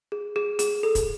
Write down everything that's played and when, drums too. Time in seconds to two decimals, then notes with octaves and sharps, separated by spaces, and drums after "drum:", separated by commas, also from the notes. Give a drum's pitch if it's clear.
0.12 G#4
0.36 G#4
0.59 G#4, drum: hi-hat
0.83 A4
0.95 drum: kick, hi-hat